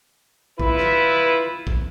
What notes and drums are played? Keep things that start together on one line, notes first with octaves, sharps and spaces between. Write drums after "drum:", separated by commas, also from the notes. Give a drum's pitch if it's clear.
E4 F4 B4, drum: kick
drum: snare
drum: kick